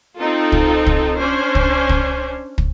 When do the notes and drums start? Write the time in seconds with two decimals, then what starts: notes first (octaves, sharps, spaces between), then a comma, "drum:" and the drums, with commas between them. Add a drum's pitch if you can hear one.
0.18 C4 D#4 F4 A4
0.52 drum: kick
0.86 drum: kick
1.20 C#4 D4 C5
1.55 drum: kick
1.89 drum: kick
2.58 drum: kick